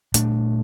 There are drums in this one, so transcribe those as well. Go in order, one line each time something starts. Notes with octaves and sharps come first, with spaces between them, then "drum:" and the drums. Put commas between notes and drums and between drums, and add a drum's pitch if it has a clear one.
A#2 A3 D4, drum: hi-hat